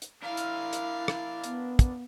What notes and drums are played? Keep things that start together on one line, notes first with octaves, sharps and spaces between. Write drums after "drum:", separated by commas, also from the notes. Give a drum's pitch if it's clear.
drum: hi-hat
D4 E4 A#4 F5
drum: hi-hat
drum: hi-hat
drum: rim click
B3, drum: hi-hat
drum: kick, hi-hat